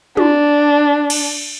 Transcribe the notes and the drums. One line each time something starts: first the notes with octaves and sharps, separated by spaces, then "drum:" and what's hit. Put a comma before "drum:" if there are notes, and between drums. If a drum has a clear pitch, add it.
D4, drum: tom
drum: cymbal